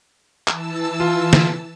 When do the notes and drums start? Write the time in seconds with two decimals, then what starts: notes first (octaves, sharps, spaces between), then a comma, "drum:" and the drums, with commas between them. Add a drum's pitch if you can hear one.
0.48 E3 A5 E6, drum: clap
1.00 F4
1.33 drum: snare